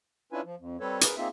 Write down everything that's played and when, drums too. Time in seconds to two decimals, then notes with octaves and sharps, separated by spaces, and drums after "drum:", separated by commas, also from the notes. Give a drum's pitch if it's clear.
0.32 C#4 D4 E4 F4 B4 G#5
0.44 F3
0.60 F2
0.81 G3 C4 A4 B4 C#5
1.01 G#4 A#4 B4, drum: hi-hat
1.17 A#3 C4 D#4 F4 G#4 E5